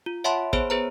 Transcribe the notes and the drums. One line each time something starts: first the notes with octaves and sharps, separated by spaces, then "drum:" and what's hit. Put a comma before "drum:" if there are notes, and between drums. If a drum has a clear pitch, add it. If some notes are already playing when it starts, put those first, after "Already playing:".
F4
C#5 E5 F#5 A5 B5 C6
B3 G#4 C5 C#5 B5, drum: kick
G#4 B4 C5 A#5